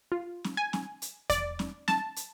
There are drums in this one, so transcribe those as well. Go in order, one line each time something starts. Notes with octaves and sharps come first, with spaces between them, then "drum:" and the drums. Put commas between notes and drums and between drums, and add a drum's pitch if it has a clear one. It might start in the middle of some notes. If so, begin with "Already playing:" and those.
F4
drum: snare
G#5
drum: snare
drum: hi-hat
D5, drum: kick E2, hi-hat
drum: snare
A5, drum: snare
drum: hi-hat